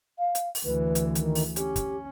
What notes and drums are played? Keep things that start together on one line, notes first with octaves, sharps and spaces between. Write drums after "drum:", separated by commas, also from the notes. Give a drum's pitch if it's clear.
F5
drum: hi-hat
drum: open hi-hat
D2 E3 B4
drum: hi-hat
D#3, drum: hi-hat
drum: open hi-hat
C#4 G4, drum: hi-hat
drum: kick, hi-hat